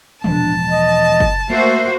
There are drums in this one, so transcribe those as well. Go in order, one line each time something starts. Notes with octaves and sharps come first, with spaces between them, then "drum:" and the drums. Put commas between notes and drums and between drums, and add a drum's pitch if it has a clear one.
E1 F3 G#3 D4 A5, drum: tom
D#5
drum: kick F#1
A3 A#3 F#4 C5 E5